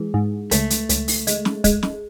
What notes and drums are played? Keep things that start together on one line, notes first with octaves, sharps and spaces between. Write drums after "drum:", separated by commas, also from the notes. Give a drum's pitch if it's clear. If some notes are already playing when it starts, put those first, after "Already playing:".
Already playing: E3 G#3
G#2
C#2 A3, drum: hi-hat
drum: hi-hat
C#2, drum: hi-hat
drum: open hi-hat
G#3, drum: hi-hat
drum: snare
G#3, drum: kick, hi-hat
drum: snare